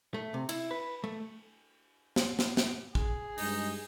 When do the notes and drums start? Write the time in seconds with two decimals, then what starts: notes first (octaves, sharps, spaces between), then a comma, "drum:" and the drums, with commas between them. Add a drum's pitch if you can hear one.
0.14 A3
0.34 C3
0.49 E4, drum: cymbal
0.71 B4
1.04 A3
2.16 drum: snare
2.39 drum: snare
2.57 drum: snare
2.95 G#4, drum: kick
3.38 G2 G#3 D#4, drum: open hi-hat